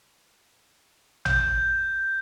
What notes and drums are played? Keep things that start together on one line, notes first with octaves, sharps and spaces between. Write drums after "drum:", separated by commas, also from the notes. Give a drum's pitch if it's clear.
G6, drum: tom A1